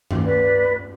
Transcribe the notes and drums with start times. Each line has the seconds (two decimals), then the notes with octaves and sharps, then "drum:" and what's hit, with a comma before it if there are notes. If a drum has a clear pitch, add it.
0.11 drum: tom
0.23 B4 D5